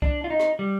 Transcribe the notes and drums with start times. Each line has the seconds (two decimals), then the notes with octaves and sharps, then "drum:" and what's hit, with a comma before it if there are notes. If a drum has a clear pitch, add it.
0.02 D4, drum: kick C2
0.24 F4
0.30 D#4
0.40 drum: rim click
0.59 G3